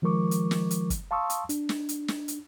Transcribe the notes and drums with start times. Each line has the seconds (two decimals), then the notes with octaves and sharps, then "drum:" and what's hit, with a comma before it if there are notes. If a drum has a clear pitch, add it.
0.02 D#3 F3 G#3 A#4 C#6 D6
0.31 drum: hi-hat
0.51 drum: snare
0.71 drum: hi-hat
0.90 drum: kick, hi-hat
1.11 F5 A5 C6 C#6 D#6 E6
1.30 drum: hi-hat
1.49 D4, drum: hi-hat
1.69 drum: snare
1.89 drum: hi-hat
2.08 drum: snare
2.28 drum: hi-hat